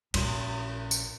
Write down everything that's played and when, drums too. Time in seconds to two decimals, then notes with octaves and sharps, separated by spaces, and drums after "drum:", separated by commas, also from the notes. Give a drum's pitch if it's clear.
0.14 A#1 C#4, drum: cymbal
0.91 drum: tambourine